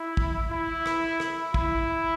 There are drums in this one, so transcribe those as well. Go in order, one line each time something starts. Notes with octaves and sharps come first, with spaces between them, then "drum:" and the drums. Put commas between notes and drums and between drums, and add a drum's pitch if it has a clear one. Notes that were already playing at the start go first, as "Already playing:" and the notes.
Already playing: E4
drum: kick
E4
drum: rim click
drum: rim click
E4, drum: kick